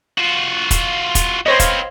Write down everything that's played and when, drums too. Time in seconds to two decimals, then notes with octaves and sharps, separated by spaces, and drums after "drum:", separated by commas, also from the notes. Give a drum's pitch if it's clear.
0.18 F4 F#4
0.71 drum: kick, hi-hat
1.15 drum: kick, hi-hat
1.46 B3 C4 C5 C#5 D#5
1.60 F5, drum: kick, hi-hat